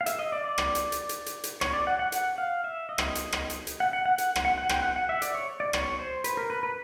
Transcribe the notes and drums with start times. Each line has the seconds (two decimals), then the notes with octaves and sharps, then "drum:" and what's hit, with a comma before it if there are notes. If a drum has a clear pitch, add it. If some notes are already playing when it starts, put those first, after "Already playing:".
0.01 F5
0.06 E5, drum: hi-hat
0.19 D#5
0.32 D5
0.44 D5
0.58 drum: rim click
0.75 drum: hi-hat
0.92 drum: hi-hat
1.09 drum: hi-hat
1.26 drum: hi-hat
1.44 drum: hi-hat
1.61 C#5, drum: rim click
1.73 D5
1.87 F#5
1.99 F#5
2.12 F#5, drum: hi-hat
2.38 F5
2.64 E5
2.89 D#5
2.98 drum: rim click
3.15 drum: hi-hat
3.32 drum: rim click
3.50 drum: hi-hat
3.67 drum: hi-hat
3.80 F#5
3.93 F#5
4.06 F#5
4.18 F#5, drum: hi-hat
4.36 drum: rim click
4.45 F#5
4.58 F#5
4.69 G5, drum: rim click
4.83 F#5
4.96 F#5
5.09 E5
5.22 D5, drum: hi-hat
5.35 C#5
5.60 D5
5.73 C#5, drum: rim click
5.99 C5
6.24 B4, drum: hi-hat
6.37 A#4
6.50 B4
6.63 B4